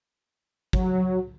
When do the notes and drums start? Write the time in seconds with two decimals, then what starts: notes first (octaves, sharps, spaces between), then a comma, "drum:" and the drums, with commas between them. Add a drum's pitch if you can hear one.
0.73 F#3, drum: kick